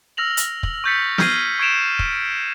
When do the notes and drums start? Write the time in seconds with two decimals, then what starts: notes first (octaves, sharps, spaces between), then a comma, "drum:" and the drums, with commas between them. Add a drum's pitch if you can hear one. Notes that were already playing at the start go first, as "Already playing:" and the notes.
0.17 E6 F6 A#6 F7 F#7
0.37 drum: hi-hat
0.63 drum: kick
0.84 C#6 E6 G6 A6 B6 C#7
1.18 F6 G6 G#6 C7 D#7, drum: snare
1.59 C#6 G#6 C#7 D7 E7 F7
1.99 drum: kick